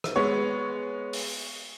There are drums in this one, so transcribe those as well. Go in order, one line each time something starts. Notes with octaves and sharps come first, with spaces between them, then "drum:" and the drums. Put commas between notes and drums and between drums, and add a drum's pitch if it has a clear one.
drum: rim click
G#3 B3 C#5
drum: open hi-hat